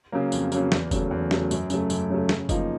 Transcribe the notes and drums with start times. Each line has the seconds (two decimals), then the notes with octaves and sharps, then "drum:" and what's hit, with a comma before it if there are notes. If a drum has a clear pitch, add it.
0.12 C#3 F#3 A#3
0.32 F2, drum: tambourine
0.52 C#3 F#3 A#3, drum: tambourine
0.72 E2, drum: snare
0.91 C#3 F#3 A3, drum: kick F#1, tambourine
1.11 E2
1.31 C#3 F#3 A3, drum: snare
1.51 F#2, drum: tambourine
1.70 C#3 F#3 A3, drum: tambourine
1.90 F#2, drum: tambourine
2.10 C#3 F#3 A3
2.29 C#3, drum: snare
2.49 F3 A#3 D#4, drum: kick F#1, tambourine